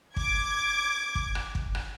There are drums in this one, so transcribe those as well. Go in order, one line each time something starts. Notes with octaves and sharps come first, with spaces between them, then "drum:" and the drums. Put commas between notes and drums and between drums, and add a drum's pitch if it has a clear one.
D6 G#6, drum: kick
drum: kick
drum: rim click
drum: kick
drum: rim click